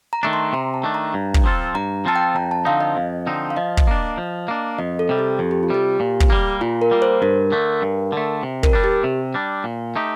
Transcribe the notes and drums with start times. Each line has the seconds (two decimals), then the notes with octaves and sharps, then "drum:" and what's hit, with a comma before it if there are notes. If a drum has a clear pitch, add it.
0.13 A#5
0.23 D#3 A3 D4
0.33 C6
0.53 C3 A#5
0.74 A5
0.83 D#3 A3 D4
0.94 A#5
1.14 G2
1.34 drum: kick
1.44 F3 C4 F4 A4
1.75 G2 A#5
2.05 F3 C4 F4 A4 A5
2.16 G5
2.35 F2 A#5
2.51 A5
2.65 D3 F3 C4 D#4 F5
2.81 D#5
2.97 F2
3.27 D3 F3 C4 D#4
3.50 F5
3.57 F3 D#5
3.77 drum: kick
3.87 A#3 D4
4.18 F3
4.48 A#3 D4
4.78 F2 D#5
4.99 A4
5.09 C3 G3
5.19 G4
5.39 F2 A4
5.51 G4
5.63 F4
5.70 C3 G3 G4
6.00 A#2
6.20 drum: kick
6.30 G3 A#3
6.61 A#2 F4
6.82 A#4
6.91 G3 A#3
7.02 C5
7.22 G2 A#4
7.52 D3 A3
7.82 G2
8.12 D3 A3
8.43 C3
8.63 A#4, drum: kick
8.73 G3 D4
8.84 G4
9.04 C3
9.34 G3 D4
9.64 A#2
9.96 A3 D#4 G4